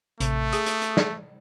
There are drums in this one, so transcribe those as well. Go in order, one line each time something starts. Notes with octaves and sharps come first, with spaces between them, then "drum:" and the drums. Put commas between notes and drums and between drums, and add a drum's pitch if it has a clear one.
A1 C3 A3, drum: hi-hat
G#4 D#6, drum: hi-hat
drum: hi-hat
drum: hi-hat
drum: snare